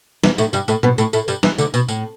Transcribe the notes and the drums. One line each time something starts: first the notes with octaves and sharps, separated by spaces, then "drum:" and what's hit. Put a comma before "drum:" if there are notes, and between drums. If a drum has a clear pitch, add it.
E2 E3, drum: snare
A2 A3, drum: tambourine
G2 G3, drum: tambourine
A2 A3, drum: tambourine
B2 B3, drum: tom
A2 A3, drum: tambourine
A2 A3, drum: tambourine
G2 G3, drum: tambourine
E2 E3, drum: snare
D2 D3, drum: tambourine
B2, drum: tambourine
A2, drum: tambourine